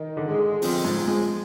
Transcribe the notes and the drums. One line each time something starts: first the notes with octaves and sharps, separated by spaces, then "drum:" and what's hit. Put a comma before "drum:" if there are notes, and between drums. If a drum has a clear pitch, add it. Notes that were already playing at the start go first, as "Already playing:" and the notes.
Already playing: D#3
D3
G#3
D3
F3 C4, drum: open hi-hat
G#2
F3
G#3